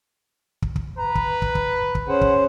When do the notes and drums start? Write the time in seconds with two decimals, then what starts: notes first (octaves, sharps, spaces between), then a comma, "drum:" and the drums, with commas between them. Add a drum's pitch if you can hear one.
0.62 drum: kick
0.76 drum: kick
0.98 B4 A#5
1.15 drum: kick
1.42 drum: kick
1.55 drum: kick
1.95 drum: kick
2.08 C#4 G#4 C5 F#5
2.21 drum: kick